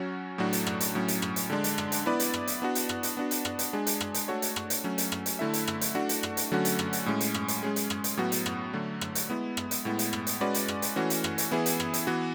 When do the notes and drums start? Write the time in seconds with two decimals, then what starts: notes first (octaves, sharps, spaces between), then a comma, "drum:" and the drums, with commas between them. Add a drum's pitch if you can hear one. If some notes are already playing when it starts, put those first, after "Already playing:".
Already playing: F#3 C#4 F#4 C#5
0.38 A2 F#3 A3 D4 F#4
0.53 drum: hi-hat
0.67 drum: rim click
0.80 drum: hi-hat
0.95 A2 F#3 C#4
1.08 drum: hi-hat
1.22 drum: rim click
1.36 drum: hi-hat
1.50 D3 G#3 D4
1.64 drum: hi-hat
1.78 drum: rim click
1.92 drum: hi-hat
2.06 B3 E4 B4 D5
2.20 drum: hi-hat
2.34 drum: rim click
2.47 drum: hi-hat
2.62 B3 D4 F#4
2.75 drum: hi-hat
2.89 drum: rim click
3.03 drum: hi-hat
3.17 B3 D4 F#4
3.31 drum: hi-hat
3.45 drum: rim click
3.59 drum: hi-hat
3.73 G#3 D4 G#4
3.87 drum: hi-hat
4.00 drum: rim click
4.14 drum: hi-hat
4.28 A3 D4 F#4 A4 C#5
4.42 drum: hi-hat
4.56 drum: rim click
4.70 drum: hi-hat
4.84 F#3 A3 C#4
4.98 drum: hi-hat
5.12 drum: rim click
5.26 drum: hi-hat
5.39 D3 A3 E4 A4 E5
5.54 drum: hi-hat
5.67 drum: rim click
5.81 drum: hi-hat
5.95 A3 D4 F#4
6.09 drum: hi-hat
6.23 drum: rim click
6.37 drum: hi-hat
6.52 D3 F#3 A3 C#4 F#4
6.65 drum: hi-hat
6.79 drum: rim click
6.93 drum: hi-hat
7.06 A2 G#3 C#4
7.21 drum: hi-hat
7.34 drum: rim click
7.48 drum: hi-hat
7.63 G#3 C#4 G#4
7.76 drum: hi-hat
7.90 drum: rim click
8.04 drum: hi-hat
8.17 A2 F#3 B3 F#4
8.32 drum: hi-hat
8.46 drum: rim click
8.73 D3 F#3 A3
9.01 drum: rim click
9.15 drum: hi-hat
9.30 G#3 B3 E4
9.57 drum: rim click
9.71 drum: hi-hat
9.85 A2 G#3 B3 E4
9.99 drum: hi-hat
10.13 drum: rim click
10.27 drum: hi-hat
10.41 G#3 C#4 F#4 B4 D5
10.54 drum: hi-hat
10.68 drum: rim click
10.82 drum: hi-hat
10.96 E3 A3 C#4 F#4
11.10 drum: hi-hat
11.24 drum: rim click
11.38 drum: hi-hat
11.51 E3 B3 E4 G#4
11.66 drum: hi-hat
11.80 drum: rim click
11.94 drum: hi-hat
12.07 E3 B3 F#4